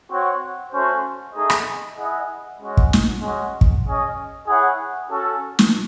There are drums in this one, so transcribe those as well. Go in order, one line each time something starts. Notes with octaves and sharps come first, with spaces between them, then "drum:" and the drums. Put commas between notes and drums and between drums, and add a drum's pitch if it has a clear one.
C4 F#4 C#5 F#5
A3 C#4 F#4 C5
A3 D#4 G#4 D#5
drum: rim click
E4 G#4 D#5 F#5
G#3 C#4 F#4
drum: kick
drum: snare
G#3 C#4 F#4
drum: kick
C#4 G#4 D#5
E4 G#4 C#5 F#5
C#4 F#4 A4
drum: snare